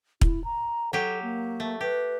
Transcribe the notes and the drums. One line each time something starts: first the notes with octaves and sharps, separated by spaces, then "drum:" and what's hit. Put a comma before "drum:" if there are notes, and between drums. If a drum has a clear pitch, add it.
E4, drum: kick
A#5
F#3 G4 A4
A#3
A3
G4 B4